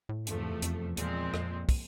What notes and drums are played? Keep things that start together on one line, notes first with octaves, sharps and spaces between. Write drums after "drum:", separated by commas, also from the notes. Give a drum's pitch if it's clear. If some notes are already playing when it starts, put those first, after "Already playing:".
A2
E2 G2 C3 F3 A3, drum: hi-hat
G#2
F2
F2, drum: hi-hat
E2 A#2 F3 G#3 C4, drum: hi-hat
F2, drum: rim click
drum: kick, open hi-hat